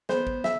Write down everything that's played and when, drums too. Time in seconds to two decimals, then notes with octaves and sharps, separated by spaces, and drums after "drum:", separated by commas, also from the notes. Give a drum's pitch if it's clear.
0.09 B3 C5, drum: snare
0.27 drum: kick
0.44 E5, drum: snare